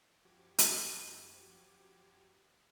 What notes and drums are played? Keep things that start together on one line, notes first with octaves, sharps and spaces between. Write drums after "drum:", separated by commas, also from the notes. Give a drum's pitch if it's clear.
F#2 F3 F#4 G4 D6 G#6
drum: hi-hat